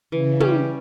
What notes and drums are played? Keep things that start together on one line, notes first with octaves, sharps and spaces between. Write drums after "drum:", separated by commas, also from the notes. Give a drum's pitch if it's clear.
C#3 E3
G3 C#4 G4, drum: tom